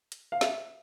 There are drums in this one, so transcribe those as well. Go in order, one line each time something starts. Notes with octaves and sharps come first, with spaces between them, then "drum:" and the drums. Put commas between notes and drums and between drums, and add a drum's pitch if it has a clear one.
drum: hi-hat
F5
E5, drum: snare